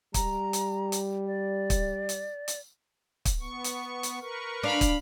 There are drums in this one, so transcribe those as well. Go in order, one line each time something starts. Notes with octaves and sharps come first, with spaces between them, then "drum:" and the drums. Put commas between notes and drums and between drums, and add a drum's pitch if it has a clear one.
G3 A#5, drum: kick, hi-hat
drum: hi-hat
drum: hi-hat
D5
drum: kick, hi-hat
drum: hi-hat
drum: hi-hat
drum: kick, hi-hat
B3 C#6
drum: hi-hat
drum: hi-hat
A#4 B4 C#6
D4 F5 B5
drum: kick, hi-hat